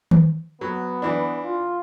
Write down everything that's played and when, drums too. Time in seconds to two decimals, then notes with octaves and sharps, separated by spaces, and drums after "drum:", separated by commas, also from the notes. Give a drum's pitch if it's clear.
0.11 drum: tom D#3
0.61 F#3 B3
1.02 E3 D4
1.44 F4